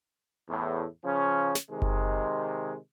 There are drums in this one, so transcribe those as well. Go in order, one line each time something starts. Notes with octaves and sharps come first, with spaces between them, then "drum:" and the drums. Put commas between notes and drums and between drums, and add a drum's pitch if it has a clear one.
E2 A2
C#3 F3 C#4
drum: snare
C3 D#3 G#3
drum: kick F#1